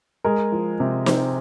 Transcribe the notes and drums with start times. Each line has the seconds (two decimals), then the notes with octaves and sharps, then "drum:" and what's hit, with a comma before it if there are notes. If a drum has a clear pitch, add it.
0.24 G#3 A#4
0.52 F3
0.80 C3
1.06 C4, drum: snare